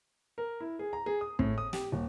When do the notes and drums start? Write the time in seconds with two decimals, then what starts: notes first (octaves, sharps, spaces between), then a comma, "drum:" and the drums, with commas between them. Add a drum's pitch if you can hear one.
0.38 A#4
0.60 E4
0.79 G#4
0.93 A#5
1.06 G#4
1.21 D#6
1.39 A2, drum: kick
1.58 D#6
1.73 G4, drum: snare
1.92 D#1